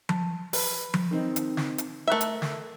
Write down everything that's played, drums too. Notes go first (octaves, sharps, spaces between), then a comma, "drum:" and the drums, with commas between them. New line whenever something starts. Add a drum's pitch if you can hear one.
A5, drum: tom F3
B4, drum: open hi-hat
drum: tom F3
D#3 C4 D#4
drum: hi-hat
drum: snare
drum: hi-hat
A3 A#4 E5 A#5 F#6
drum: hi-hat
drum: snare